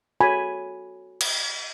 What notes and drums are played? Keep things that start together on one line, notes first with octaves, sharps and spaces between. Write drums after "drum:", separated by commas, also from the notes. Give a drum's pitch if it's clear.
F#4 A4 C#5 G#5 B5
drum: cymbal